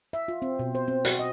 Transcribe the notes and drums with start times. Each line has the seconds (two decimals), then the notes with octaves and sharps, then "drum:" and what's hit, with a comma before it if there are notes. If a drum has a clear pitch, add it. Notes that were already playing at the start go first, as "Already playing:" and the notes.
0.13 E5
0.28 F4
0.42 C4
0.59 B2
0.75 C5
0.88 C4
1.05 F#4, drum: hi-hat
1.19 D#5